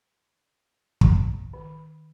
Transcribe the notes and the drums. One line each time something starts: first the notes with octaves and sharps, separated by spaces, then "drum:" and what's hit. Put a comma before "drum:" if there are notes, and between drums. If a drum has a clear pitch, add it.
drum: kick
D#3